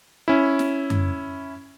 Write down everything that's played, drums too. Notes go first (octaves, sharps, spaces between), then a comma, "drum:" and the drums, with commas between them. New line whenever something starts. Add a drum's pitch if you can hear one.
C#4 E4
drum: snare
drum: tom F#2